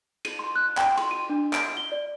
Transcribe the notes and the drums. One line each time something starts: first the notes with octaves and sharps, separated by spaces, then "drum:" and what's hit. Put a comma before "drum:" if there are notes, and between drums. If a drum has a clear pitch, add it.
D#7, drum: cymbal
C6
F#6
G5, drum: clap
C6, drum: cymbal
D#7
D4
D7, drum: clap
G7
D5